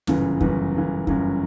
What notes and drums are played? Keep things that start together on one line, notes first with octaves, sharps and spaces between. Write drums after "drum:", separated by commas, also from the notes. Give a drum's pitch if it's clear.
G1 F#2 C#3 E3, drum: snare
G1 F#2 C#3 E3, drum: kick
G1 F#2 C#3 E3
G1 F#2 C#3 E3, drum: kick